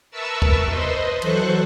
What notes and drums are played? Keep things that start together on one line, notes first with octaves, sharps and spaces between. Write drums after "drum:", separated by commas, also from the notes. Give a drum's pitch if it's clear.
A#4 B4 E5 A5 C#6 E6
drum: kick
B4 C5 D#5 C6, drum: tom E2
E3 F#3 A4 C5 C#6 F#6, drum: cymbal